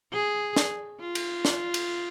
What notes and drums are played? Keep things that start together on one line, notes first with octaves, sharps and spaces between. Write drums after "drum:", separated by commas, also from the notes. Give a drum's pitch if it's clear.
G#4
drum: snare
F4
drum: cymbal
drum: snare
drum: cymbal